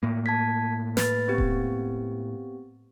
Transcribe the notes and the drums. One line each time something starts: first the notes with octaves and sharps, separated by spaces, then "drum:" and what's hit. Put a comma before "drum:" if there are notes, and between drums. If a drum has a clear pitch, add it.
A2 A#3
A5 G#6 B6
B4 A6, drum: snare
B3 C4 G4
drum: kick D#1